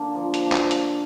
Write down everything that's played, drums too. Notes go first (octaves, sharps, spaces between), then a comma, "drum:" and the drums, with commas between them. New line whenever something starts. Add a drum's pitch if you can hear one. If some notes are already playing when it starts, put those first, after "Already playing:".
Already playing: D3 A#3 D4
F3
drum: hi-hat
A#3 D4
drum: clap
drum: hi-hat